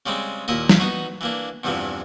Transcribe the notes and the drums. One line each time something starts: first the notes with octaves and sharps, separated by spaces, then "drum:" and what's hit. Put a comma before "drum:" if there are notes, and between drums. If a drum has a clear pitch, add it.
C#3 G3 G#3 C4
D#2 A#2 E4 D#5
drum: snare
B3 D#4 F#4
E3 A#3 D4
E2 G2 C3 E3 F3